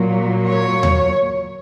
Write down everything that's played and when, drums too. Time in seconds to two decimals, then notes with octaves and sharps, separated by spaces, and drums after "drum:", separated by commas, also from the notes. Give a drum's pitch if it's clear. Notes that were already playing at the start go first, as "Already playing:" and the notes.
Already playing: A#2 F#3 A#3
0.48 C#5
0.83 drum: tom D#2